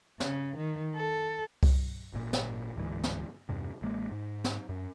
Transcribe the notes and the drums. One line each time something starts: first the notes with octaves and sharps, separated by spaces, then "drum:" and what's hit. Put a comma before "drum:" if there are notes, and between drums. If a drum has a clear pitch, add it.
C#3, drum: snare
D#3
A4
drum: kick C2, open hi-hat
G#1 A#2
drum: snare
D1 D2 G#2 E3
drum: snare
E2 G2 C3
A1 G#3 A#3
G#2
drum: snare
F#2